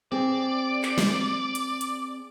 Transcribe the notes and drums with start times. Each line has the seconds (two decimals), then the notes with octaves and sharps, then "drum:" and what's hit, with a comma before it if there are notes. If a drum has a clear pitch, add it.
0.12 C4 G#4 D5
0.83 drum: clap
0.98 drum: snare
1.55 drum: hi-hat
1.81 drum: hi-hat